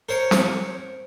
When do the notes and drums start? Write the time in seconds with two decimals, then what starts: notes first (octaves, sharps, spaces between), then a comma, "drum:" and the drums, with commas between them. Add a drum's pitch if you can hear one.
0.09 A#4 C5 C#5
0.31 drum: snare